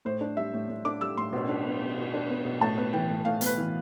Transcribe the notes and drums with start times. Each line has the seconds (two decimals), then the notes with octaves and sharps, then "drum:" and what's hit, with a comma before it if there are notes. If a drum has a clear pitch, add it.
0.05 A2 C5
0.21 D4
0.37 G3 E5
0.54 A2
0.69 A2
0.85 D4 D6
1.01 G3 E6
1.17 A2 C6
1.33 B2, drum: cymbal
1.49 D4
1.65 B3
1.82 B2
1.98 B2
2.14 D4
2.30 B3
2.45 B2
2.61 A2 A5
2.78 B3
2.93 E3 G5
3.10 A2
3.25 A2 F5
3.41 B3, drum: hi-hat
3.46 B4
3.58 E3